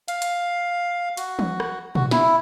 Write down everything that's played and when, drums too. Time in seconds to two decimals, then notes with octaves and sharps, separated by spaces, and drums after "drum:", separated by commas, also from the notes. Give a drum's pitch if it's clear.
0.08 F5, drum: hi-hat
0.22 drum: hi-hat
1.17 F#4, drum: hi-hat
1.39 drum: tom E3
1.60 drum: rim click
1.95 F#4, drum: tom A#2
2.11 E4, drum: snare